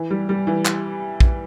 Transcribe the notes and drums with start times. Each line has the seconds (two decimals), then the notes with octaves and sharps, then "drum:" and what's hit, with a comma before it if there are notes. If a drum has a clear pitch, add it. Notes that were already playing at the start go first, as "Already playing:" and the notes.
Already playing: E3
0.11 G3
0.29 G3
0.47 E3
0.65 drum: clap
1.20 drum: kick